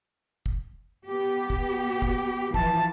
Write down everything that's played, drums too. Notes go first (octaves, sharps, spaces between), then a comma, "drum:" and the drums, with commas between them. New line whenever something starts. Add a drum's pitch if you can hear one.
drum: kick
B3 G4
drum: kick
drum: kick
E3 F3 A5, drum: kick